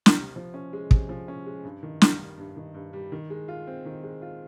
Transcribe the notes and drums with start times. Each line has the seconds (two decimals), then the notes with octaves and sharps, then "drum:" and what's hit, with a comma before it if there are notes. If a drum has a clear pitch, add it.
0.06 drum: snare
0.17 C3
0.36 F3
0.54 C#4
0.73 G#3
0.91 C3, drum: kick
1.09 F3
1.28 C#4
1.46 G#3
1.64 G2
1.83 D#3
2.02 G2, drum: snare
2.20 G3
2.37 G2
2.56 D#3
2.74 G2
2.93 G3
3.12 D#3
3.30 G#3
3.48 F4
3.67 C4
3.86 D#3
4.03 G#3
4.22 F4